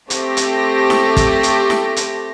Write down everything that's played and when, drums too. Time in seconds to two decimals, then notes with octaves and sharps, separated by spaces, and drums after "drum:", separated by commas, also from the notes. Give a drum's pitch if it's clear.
0.10 A3 C4 G4 A#6, drum: hi-hat
0.37 drum: hi-hat
0.90 drum: snare E4
1.17 drum: kick, hi-hat
1.43 drum: hi-hat
1.70 drum: snare E4
1.96 drum: hi-hat